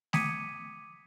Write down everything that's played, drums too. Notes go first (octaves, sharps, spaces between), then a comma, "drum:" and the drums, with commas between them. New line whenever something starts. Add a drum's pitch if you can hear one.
D6 D#6 G#6 B6 C#7 D#7, drum: snare A3